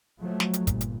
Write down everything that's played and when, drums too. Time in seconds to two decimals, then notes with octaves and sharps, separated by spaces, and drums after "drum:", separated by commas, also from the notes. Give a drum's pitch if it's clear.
0.20 F3 F#3 A3
0.40 drum: snare
0.54 drum: hi-hat
0.67 G1 A#2, drum: kick, hi-hat
0.81 drum: hi-hat